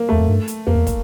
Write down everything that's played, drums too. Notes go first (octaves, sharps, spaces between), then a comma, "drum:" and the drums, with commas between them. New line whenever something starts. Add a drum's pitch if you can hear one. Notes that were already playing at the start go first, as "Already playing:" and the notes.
Already playing: A#3
E2 A3
F2
G2
drum: hi-hat
F2 A#3
E2
drum: kick, hi-hat